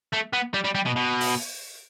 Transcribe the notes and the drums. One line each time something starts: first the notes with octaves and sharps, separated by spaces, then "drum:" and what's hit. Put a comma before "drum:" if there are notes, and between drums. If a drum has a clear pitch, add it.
A3
B3
G3
G3
G3
B2
B2
drum: open hi-hat